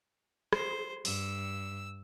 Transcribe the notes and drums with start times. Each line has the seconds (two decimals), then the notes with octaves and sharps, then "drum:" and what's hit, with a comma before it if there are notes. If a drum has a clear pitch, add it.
0.53 C5, drum: rim click
1.05 G2 E6, drum: open hi-hat